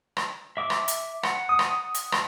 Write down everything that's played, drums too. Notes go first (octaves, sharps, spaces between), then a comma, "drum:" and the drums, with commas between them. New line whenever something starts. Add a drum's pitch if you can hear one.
drum: rim click
E5 D6 E6
drum: rim click
drum: hi-hat
F#5, drum: rim click
D#6
drum: rim click
drum: hi-hat
drum: rim click